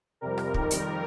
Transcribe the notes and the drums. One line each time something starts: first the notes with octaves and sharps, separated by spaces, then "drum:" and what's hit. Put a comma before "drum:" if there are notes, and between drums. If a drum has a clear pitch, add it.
F2 C3 G3 A#4
drum: rim click
F2 D#3 G3, drum: kick
drum: hi-hat